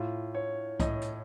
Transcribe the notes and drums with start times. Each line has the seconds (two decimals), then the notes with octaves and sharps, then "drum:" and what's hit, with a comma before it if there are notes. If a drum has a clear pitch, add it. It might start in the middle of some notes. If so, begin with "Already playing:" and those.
Already playing: A2 F4
0.35 C#5
0.80 A2 D#5, drum: kick C2, hi-hat
1.02 drum: hi-hat